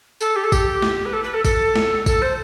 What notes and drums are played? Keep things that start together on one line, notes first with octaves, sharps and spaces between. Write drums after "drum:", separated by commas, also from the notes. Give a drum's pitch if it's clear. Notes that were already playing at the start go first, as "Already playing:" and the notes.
A4, drum: tambourine
G4
A4
G4, drum: kick G#1, tambourine
drum: snare
B4
A4
B4
A4
A4, drum: kick G#1, tambourine
drum: snare
A4, drum: kick G#1, tambourine
C5